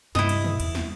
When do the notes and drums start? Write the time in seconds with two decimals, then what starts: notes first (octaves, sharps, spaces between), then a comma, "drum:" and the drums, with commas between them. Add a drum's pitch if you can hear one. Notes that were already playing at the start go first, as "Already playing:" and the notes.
0.15 G2 C3 E4 D#5, drum: snare
0.29 drum: cymbal
0.44 drum: tom
0.60 E2, drum: cymbal
0.75 drum: snare